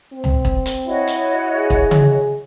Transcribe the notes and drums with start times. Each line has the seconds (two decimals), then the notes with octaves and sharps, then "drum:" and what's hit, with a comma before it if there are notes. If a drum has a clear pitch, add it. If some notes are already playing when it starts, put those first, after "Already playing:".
0.13 C4
0.24 drum: tom C#2
0.45 drum: kick
0.66 drum: hi-hat
0.87 E4 F#4 C#5 D#5
1.07 drum: hi-hat
1.57 G#4
1.70 drum: kick
1.91 drum: tom C#3